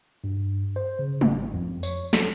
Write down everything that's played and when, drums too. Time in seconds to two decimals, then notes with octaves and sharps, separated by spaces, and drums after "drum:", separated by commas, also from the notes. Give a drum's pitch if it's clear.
0.24 G2
0.76 C5
0.99 C#3
1.21 G#1, drum: tom
1.54 F2
1.83 C#5, drum: tambourine
2.13 A4, drum: snare